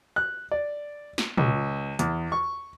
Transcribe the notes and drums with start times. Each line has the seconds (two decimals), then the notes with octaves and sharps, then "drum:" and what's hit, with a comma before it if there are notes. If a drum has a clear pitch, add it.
0.16 F#6
0.51 D5
1.18 drum: snare
1.37 C#2, drum: tom
1.99 E2, drum: hi-hat
2.32 C#6